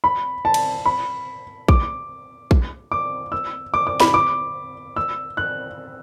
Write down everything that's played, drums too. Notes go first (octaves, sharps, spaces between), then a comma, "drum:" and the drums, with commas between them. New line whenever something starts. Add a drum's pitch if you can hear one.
B5
A5
drum: cymbal
B5
D6, drum: kick
drum: kick
D6
E6
D6
D6
B5, drum: snare
D6
E6
F#6